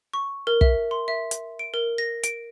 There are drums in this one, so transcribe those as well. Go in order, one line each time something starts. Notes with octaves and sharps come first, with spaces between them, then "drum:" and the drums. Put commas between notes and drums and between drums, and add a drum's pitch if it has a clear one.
C#6
A#4
E5, drum: kick
C6
E5
drum: hi-hat
D7
A#4
A#6
D7, drum: hi-hat